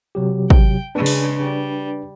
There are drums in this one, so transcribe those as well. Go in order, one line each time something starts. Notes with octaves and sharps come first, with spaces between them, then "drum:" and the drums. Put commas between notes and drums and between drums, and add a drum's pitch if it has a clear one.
C3 F#3 G4
G5, drum: kick
C#3 G#3 D4 B4
drum: open hi-hat
G3